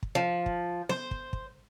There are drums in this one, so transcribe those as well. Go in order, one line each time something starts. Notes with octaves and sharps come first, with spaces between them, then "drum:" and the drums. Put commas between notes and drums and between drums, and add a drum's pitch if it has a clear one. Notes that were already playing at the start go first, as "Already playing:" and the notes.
drum: kick
F3
drum: kick
C5, drum: snare B3
drum: kick
drum: kick